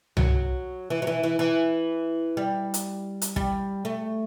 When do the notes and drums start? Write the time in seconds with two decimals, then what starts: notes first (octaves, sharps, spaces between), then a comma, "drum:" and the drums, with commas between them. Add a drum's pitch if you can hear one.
0.17 F#3, drum: tom C2
0.90 E3
1.02 F#3
1.07 E3
1.23 E3
1.39 E3
2.37 G3
2.74 drum: hi-hat
3.22 drum: hi-hat
3.36 G3, drum: kick
3.85 A3